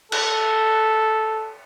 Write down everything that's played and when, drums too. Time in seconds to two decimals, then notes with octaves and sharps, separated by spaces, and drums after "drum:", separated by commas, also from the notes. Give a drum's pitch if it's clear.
0.12 A4, drum: cymbal